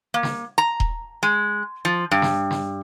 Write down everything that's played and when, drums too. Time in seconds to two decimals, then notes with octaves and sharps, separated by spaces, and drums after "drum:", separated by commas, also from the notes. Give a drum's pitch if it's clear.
0.14 A#3
0.23 drum: snare
0.58 A#5
0.80 drum: kick D#1
1.23 G#3
1.85 F3
2.11 G2
2.22 drum: snare
2.51 drum: snare